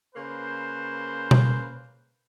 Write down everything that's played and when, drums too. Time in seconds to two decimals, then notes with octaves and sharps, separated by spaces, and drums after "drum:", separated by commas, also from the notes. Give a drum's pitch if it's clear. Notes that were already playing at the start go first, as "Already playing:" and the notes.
0.14 C#3 A#3 B4 C5
1.31 drum: tom B2